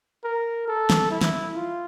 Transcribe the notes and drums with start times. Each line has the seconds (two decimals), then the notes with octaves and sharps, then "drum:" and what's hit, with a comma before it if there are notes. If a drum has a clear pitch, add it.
0.24 A#4
0.68 A4
0.90 drum: snare
1.11 E4
1.21 drum: snare
1.55 F4